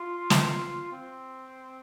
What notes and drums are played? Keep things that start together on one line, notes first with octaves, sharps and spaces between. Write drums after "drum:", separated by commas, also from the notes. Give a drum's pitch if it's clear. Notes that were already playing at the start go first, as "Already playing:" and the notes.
Already playing: F4
drum: snare
C4